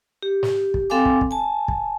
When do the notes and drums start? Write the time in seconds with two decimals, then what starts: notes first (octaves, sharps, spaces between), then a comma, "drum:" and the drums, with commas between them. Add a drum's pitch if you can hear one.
0.23 G4
0.43 drum: snare
0.74 drum: kick
0.90 C4 A4 F5 G5 G#5 D6
1.05 drum: kick
1.21 drum: kick
1.31 G#5 A5
1.68 drum: kick